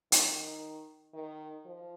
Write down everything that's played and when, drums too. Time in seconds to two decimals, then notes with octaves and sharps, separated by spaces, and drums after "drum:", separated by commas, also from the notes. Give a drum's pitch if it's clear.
0.12 D#3, drum: hi-hat
1.14 D#3
1.65 F3